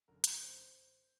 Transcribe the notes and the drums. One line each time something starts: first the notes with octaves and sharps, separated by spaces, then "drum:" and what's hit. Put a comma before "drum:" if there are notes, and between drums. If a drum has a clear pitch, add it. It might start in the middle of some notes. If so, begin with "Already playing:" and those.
F#1 F#2 D3 A#4
drum: hi-hat
C5